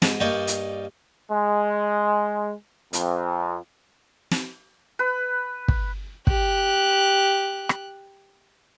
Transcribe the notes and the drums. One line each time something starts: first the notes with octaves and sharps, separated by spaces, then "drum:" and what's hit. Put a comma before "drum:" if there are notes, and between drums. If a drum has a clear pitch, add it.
G#2, drum: snare
G2 A#3 D#4 C#5 D5 G5
drum: hi-hat
G#3
F2, drum: hi-hat
drum: snare
B4
drum: kick
G4 F#6, drum: kick
drum: rim click